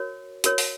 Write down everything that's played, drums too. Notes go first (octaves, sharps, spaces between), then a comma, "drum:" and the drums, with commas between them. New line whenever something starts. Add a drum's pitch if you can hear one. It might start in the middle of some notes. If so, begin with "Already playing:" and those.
Already playing: F#4 A#4 C#5
F#4 A#4 C#5, drum: hi-hat
drum: open hi-hat